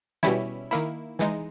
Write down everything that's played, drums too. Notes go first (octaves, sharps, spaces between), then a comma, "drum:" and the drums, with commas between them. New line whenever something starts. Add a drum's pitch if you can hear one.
B2 G3 C#4 E4, drum: snare
D#3 A#3 E4, drum: hi-hat
E3 G#3 D#4, drum: snare